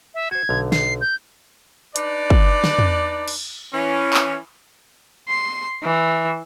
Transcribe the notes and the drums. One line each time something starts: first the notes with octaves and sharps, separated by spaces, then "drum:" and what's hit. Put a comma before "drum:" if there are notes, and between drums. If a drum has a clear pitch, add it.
E5
F#4 C5 G#6
B1 D3 A#5
C7, drum: snare
G6
D4 D#4 B4 D5, drum: hi-hat
drum: kick
drum: snare
drum: tom
drum: cymbal
E3 C#4
drum: clap
C6
E3